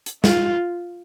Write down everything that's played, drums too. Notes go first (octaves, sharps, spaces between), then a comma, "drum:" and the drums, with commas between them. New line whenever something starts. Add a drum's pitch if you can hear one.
drum: hi-hat
F4, drum: snare